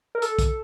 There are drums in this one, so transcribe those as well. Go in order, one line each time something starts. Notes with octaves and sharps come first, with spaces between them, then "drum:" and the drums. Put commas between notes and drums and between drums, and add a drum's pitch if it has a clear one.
A#4
A4, drum: hi-hat
drum: kick, hi-hat